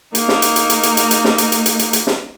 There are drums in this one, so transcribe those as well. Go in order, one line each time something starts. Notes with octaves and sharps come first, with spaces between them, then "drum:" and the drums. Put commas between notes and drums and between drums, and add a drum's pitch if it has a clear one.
A#3 D#4, drum: hi-hat
drum: snare
drum: hi-hat
drum: hi-hat
drum: hi-hat
drum: hi-hat
drum: hi-hat
drum: hi-hat
drum: snare
drum: hi-hat
drum: hi-hat
drum: hi-hat
drum: hi-hat
drum: hi-hat
drum: snare